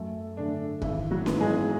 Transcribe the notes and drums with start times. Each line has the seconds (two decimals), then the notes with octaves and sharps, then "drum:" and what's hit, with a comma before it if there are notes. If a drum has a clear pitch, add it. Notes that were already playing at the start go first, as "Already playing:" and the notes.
Already playing: F#2 A3 A4
0.37 D3 A3 D4
0.82 G#1 E3 E4, drum: kick F1
1.11 F#3 F#4
1.26 G#2 E3 B3, drum: snare C#4
1.40 G#3 G#4